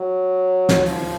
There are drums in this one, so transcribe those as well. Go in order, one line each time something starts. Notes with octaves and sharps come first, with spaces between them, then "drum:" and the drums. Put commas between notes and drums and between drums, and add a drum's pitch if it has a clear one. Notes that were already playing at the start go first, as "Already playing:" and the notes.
Already playing: F#3
drum: snare
F3, drum: open hi-hat